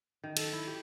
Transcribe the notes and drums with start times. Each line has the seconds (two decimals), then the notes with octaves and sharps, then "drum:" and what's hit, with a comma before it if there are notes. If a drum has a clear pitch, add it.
0.24 D#3
0.37 A4, drum: cymbal
0.52 E4
0.67 G4